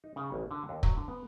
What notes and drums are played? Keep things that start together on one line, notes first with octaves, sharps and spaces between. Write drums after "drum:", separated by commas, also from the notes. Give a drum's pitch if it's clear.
D#4
C#3
A1
D3
D#2
F#3, drum: kick
D3
B3